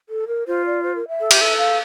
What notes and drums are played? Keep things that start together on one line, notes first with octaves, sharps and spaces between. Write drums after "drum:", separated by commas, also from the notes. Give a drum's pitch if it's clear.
A4
A#4
F4 C5
D5
C5
A#4
E5
A4
G4, drum: cymbal
A4
F5